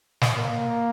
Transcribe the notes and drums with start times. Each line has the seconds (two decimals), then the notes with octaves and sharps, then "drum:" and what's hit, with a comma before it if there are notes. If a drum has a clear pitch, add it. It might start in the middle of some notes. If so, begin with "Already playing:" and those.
0.21 drum: snare
0.37 A#3